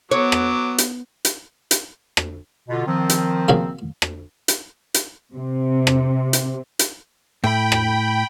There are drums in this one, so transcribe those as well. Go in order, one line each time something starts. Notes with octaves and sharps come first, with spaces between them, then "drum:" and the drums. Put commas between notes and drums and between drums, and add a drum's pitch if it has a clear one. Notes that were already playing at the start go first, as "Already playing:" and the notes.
F#3 B3 C#5 D6
drum: rim click
drum: hi-hat
drum: hi-hat
drum: hi-hat
drum: rim click
B2 D3 F4
D#3 F3 C4
drum: hi-hat
A#2 C#3 F#4
drum: rim click
drum: hi-hat
drum: hi-hat
C3
drum: rim click
drum: hi-hat
drum: hi-hat
A2 G5 B5
drum: rim click